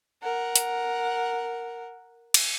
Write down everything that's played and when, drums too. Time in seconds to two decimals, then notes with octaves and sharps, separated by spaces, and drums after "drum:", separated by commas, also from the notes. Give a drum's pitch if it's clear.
0.23 A#4 F#5
0.56 drum: hi-hat
2.34 drum: cymbal